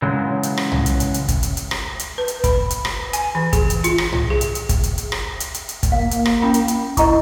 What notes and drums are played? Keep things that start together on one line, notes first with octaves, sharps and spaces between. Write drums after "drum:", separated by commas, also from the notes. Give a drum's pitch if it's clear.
C#3 E3 F#3 G#3
drum: hi-hat
drum: rim click
drum: tom B1
drum: hi-hat
drum: hi-hat
drum: hi-hat
drum: kick, hi-hat
drum: hi-hat
drum: hi-hat
drum: rim click
drum: hi-hat
B4
drum: hi-hat
B5, drum: kick, hi-hat
drum: hi-hat
drum: rim click
G#5, drum: hi-hat
E3
G#4, drum: kick, hi-hat
drum: hi-hat
F4, drum: hi-hat
drum: rim click
drum: tom B1
G#4
drum: hi-hat
drum: hi-hat
drum: kick, hi-hat
drum: hi-hat
drum: hi-hat
drum: rim click
drum: hi-hat
drum: hi-hat
drum: hi-hat
drum: kick, hi-hat
A#3 F5
drum: hi-hat
drum: rim click
C#4 B5
drum: hi-hat
drum: hi-hat
E4 D#5 A#5 C#6, drum: kick, hi-hat